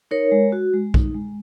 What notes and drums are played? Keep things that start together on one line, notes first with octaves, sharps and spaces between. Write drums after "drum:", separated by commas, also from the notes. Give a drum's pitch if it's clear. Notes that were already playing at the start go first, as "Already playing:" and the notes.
D#4 A#4 C#5
G#3
F#4
G#3
D#4, drum: kick B1
G#3